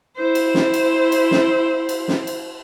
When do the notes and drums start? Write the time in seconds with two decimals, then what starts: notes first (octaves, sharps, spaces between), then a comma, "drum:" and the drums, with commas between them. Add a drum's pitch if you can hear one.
0.16 E4 C5
0.35 drum: cymbal
0.54 drum: snare
0.74 drum: cymbal
1.12 drum: cymbal
1.31 drum: snare
1.89 drum: cymbal
2.08 drum: snare
2.27 drum: cymbal